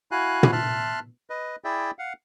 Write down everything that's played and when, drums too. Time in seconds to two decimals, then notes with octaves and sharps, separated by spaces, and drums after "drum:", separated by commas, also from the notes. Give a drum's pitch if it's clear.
0.11 E4 F#4 F5 G#5 F#6
0.43 drum: tom
0.52 E5 A5 C6 F6 F#6
1.30 B4 D#5
1.64 E4 G#4 D5 E5 G5
1.99 F5 F#5